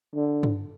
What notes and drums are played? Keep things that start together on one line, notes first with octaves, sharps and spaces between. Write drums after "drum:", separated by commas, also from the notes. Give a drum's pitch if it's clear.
D3
drum: tom G2